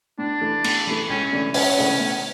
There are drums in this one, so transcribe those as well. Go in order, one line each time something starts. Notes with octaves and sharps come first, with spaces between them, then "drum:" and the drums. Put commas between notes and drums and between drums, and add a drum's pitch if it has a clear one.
A2 D4
E3 A3
A2, drum: cymbal
E3 A3
C#2 C#4
C#3 E3 A3 D4
C#2 C#4, drum: open hi-hat
C#3 E3 A3 D4
A2